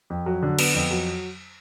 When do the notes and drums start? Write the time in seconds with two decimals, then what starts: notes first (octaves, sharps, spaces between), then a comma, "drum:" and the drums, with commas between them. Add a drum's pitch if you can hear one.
0.10 F2
0.26 F#3
0.43 D3
0.59 B3, drum: cymbal
0.74 F2
0.91 F#3